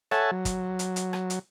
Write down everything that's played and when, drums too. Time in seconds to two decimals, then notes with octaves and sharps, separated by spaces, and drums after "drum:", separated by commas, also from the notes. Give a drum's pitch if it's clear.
0.11 A4 C#5 E5 F#5 G#5 A5, drum: rim click
0.31 F#3
0.45 drum: kick, hi-hat
0.79 drum: hi-hat
0.96 drum: hi-hat
1.13 drum: rim click
1.30 drum: hi-hat